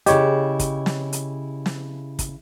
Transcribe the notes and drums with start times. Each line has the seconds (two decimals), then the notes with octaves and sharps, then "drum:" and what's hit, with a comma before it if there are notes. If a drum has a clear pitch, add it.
0.06 C#3 E4 G4 C#5 D#5, drum: hi-hat
0.59 drum: kick, hi-hat
0.86 drum: snare
1.13 drum: hi-hat
1.66 drum: snare
2.19 drum: kick, hi-hat